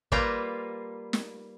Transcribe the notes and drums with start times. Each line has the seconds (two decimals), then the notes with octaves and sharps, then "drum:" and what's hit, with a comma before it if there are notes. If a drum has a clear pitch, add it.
0.12 G3 A#3 F4 B4 G5 A#5, drum: kick
1.13 drum: snare